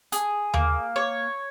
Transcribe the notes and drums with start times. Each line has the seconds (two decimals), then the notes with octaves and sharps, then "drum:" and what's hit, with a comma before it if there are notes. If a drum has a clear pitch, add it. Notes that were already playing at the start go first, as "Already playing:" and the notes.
0.12 G#4, drum: hi-hat
0.54 A#3, drum: tom D#2
0.96 C#5